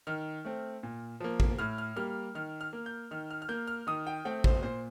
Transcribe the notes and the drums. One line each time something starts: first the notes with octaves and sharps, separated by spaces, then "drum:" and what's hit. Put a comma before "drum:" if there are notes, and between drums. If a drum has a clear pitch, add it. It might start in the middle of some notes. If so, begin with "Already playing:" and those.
D#3 F6
A3 C4
A#2
F3 A#3
drum: kick A1
A2 F6
F6
G3 A#3 F6
D#3 F6
F6
A#3
G6
D#3 F6
F6
F6
A#3 G6
F6
D#3 D#6
G5
A3 C4 G5
C5, drum: kick A1
A#2 C5